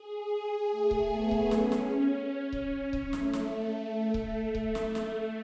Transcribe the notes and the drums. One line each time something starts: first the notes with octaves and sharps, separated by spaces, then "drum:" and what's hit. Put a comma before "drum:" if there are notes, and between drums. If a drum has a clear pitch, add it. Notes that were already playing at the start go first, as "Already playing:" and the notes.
Already playing: G#4
A3
drum: kick C#1
B3
drum: kick C#1
C#4, drum: snare
drum: snare
drum: kick C#1
drum: kick C#1
A3, drum: snare
drum: snare
drum: kick C#1
drum: kick C#1
A3, drum: snare
drum: snare